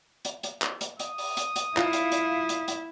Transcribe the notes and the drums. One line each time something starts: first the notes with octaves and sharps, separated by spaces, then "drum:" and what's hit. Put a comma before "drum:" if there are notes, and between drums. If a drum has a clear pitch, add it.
drum: hi-hat
drum: hi-hat
drum: clap
drum: hi-hat
D#6, drum: hi-hat
drum: open hi-hat
drum: hi-hat
drum: hi-hat
E4 F4, drum: clap
drum: hi-hat
drum: hi-hat
drum: hi-hat
drum: hi-hat